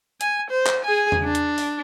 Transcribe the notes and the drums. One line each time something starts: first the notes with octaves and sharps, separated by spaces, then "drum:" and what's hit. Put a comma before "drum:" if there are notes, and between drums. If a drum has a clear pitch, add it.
G#5, drum: hi-hat
C5
drum: clap
G#4 G#5
drum: tom E2
D4
drum: hi-hat
drum: open hi-hat